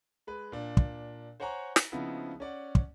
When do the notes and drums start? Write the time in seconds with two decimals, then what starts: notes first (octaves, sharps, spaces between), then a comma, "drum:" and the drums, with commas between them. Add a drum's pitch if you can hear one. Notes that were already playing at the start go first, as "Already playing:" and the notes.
0.27 G#3 B4
0.52 A#2 D4
0.77 drum: kick
1.40 C5 C#5 F#5 G#5 A#5 C#6
1.76 drum: snare
1.92 C#3 F3 B3 C4 D#4 E4
2.40 C#4 D5 F#5
2.75 drum: kick